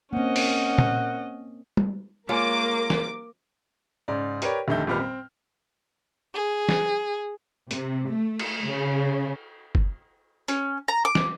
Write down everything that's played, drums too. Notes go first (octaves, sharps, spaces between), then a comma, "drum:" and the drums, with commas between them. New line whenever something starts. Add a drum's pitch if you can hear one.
A#3 C4 C#4 A#4 C5 D#5 F#5
drum: open hi-hat
drum: tom
drum: tom
G#3 A#3 F4 A#4 C#5 D6
drum: snare
G#2 C#3 D5
G4 A#4 B4 C#5 D5, drum: hi-hat
F1 D3 D#3 A3 D#4 G6
G#1 A#2 G3 B4 F6
C4
G#4
drum: snare
C3, drum: hi-hat
A3
drum: cymbal
C#3
drum: kick
C#4, drum: hi-hat
A#5
D6
drum: snare